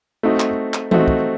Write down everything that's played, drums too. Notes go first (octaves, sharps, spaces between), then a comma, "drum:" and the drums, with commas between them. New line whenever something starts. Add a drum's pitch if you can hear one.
A3 C4 D#4 F#4
drum: clap
drum: clap
A3 C4 D#4 F#4, drum: tom E3
drum: kick